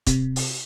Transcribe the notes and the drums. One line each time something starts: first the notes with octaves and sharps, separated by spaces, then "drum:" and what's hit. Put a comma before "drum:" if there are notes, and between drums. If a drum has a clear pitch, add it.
C3, drum: kick, hi-hat
drum: open hi-hat